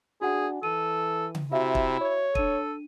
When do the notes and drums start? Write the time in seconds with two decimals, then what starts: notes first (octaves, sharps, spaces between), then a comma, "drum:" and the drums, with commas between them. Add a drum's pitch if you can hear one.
0.22 D4 F#4 G#4 F#5 G#5
0.63 E3 A4 D#7
1.35 drum: tom C#3
1.52 C3 E4 F#4 E5 F5
1.75 drum: kick
2.01 C#5
2.35 D4 A4 D#7, drum: kick